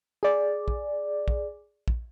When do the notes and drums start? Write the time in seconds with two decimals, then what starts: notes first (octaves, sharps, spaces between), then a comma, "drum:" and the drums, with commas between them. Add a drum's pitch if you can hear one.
0.23 G#4 D5
0.68 drum: kick
1.28 drum: kick
1.88 drum: kick